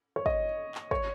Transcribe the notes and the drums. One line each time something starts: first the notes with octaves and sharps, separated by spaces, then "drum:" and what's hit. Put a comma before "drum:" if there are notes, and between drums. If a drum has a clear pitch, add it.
C#5
D#5, drum: kick
drum: clap
C#5, drum: kick